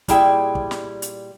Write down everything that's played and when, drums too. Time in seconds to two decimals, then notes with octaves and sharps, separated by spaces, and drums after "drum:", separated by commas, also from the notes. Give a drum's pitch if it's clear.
0.08 A#2 G3 E4 G#4 G5, drum: kick, hi-hat
0.55 drum: kick
0.71 drum: snare
1.02 drum: hi-hat